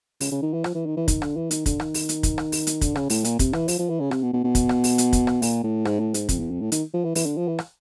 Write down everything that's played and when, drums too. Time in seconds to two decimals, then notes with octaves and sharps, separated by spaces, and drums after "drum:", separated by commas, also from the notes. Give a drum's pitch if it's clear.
0.21 C#3, drum: open hi-hat
0.31 C#3
0.42 D#3
0.53 E3
0.64 F3, drum: rim click
0.75 E3
0.86 D#3
0.97 E3
1.08 D#3, drum: kick, hi-hat
1.22 D3, drum: rim click
1.36 E3
1.51 D#3, drum: hi-hat
1.66 D3, drum: kick, hi-hat
1.80 D#3, drum: rim click
1.94 drum: open hi-hat
2.09 drum: hi-hat
2.23 drum: kick, hi-hat
2.38 drum: rim click
2.52 drum: open hi-hat
2.67 drum: hi-hat
2.81 D3, drum: kick, hi-hat
2.96 C#3, drum: rim click
3.10 A2, drum: open hi-hat
3.24 A#2, drum: hi-hat
3.39 C3, drum: kick, hi-hat
3.53 E3, drum: rim click
3.68 F3, drum: open hi-hat
3.79 F3
3.89 E3
4.00 C#3
4.11 C3, drum: rim click
4.22 B2
4.33 B2
4.44 B2
4.55 drum: kick, hi-hat
4.69 drum: rim click
4.84 drum: open hi-hat
4.98 drum: hi-hat
5.13 drum: kick, hi-hat
5.27 drum: rim click
5.42 A#2, drum: open hi-hat
5.63 A2
5.85 G#2, drum: rim click
5.99 A2
6.14 G#2, drum: hi-hat
6.29 F2, drum: kick, hi-hat
6.39 E2
6.50 F2
6.61 A2
6.72 D#3, drum: hi-hat
6.94 F3
7.04 E3
7.15 E3, drum: open hi-hat
7.26 D3
7.37 F3
7.48 E3
7.59 drum: rim click